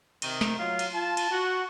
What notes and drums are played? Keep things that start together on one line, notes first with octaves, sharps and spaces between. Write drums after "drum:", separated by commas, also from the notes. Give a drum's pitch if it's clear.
C3 D#3, drum: cymbal
drum: snare
F#3 F4 F5
drum: cymbal
F4 A5
drum: cymbal
F#4